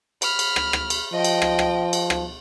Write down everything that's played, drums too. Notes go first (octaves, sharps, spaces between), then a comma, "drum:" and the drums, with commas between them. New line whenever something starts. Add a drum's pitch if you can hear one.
B5 F6, drum: cymbal
drum: cymbal
drum: rim click
drum: rim click
drum: cymbal
F3 D#5 G5
drum: cymbal
drum: rim click
drum: rim click
drum: cymbal
drum: rim click